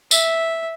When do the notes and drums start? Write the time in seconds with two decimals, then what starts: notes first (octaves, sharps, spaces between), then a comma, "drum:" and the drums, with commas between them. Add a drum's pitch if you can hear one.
0.11 E5, drum: tambourine